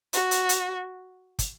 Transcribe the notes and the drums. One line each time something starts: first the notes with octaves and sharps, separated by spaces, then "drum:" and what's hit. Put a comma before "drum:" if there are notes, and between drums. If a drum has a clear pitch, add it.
F#4, drum: hi-hat
drum: hi-hat
drum: hi-hat
drum: kick, hi-hat